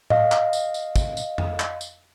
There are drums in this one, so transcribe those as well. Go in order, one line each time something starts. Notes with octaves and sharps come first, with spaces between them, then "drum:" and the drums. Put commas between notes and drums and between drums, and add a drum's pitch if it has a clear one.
D#5 F5, drum: tom A2
drum: clap
drum: tambourine
drum: tambourine
drum: kick, tambourine
drum: tambourine
drum: tom F2
drum: clap
drum: tambourine